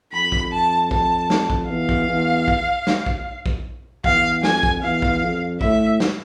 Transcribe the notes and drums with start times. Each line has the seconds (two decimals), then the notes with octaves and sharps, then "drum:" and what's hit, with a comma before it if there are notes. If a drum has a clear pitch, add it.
0.13 F2 B5
0.32 drum: kick A#1
0.52 A5
0.91 A5, drum: kick A#1
1.30 drum: snare
1.50 drum: kick A#1
1.69 E2 F5
1.89 drum: kick A#1
2.09 E2
2.48 drum: kick A#1
2.87 drum: snare
3.06 drum: kick A#1
3.46 drum: kick A#1
4.04 E2 F5, drum: kick A#1
4.43 F2 G#5, drum: snare
4.63 drum: kick A#1
4.83 E2 F5
5.02 drum: kick A#1
5.22 F2
5.61 A2 E5, drum: kick A#1
6.00 drum: snare